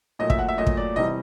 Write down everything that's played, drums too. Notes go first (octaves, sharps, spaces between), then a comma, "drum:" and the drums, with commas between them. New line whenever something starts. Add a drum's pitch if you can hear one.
A#2 F#3 A3 D#5
E5, drum: kick
F#5
E5
A#2 F#3 A3 D#5
drum: kick
D5
E2 C3 E3 G3 D#5